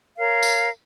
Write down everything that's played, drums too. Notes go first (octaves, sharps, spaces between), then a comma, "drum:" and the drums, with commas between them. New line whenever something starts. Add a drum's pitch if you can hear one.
A#4 C#5 F5
drum: tambourine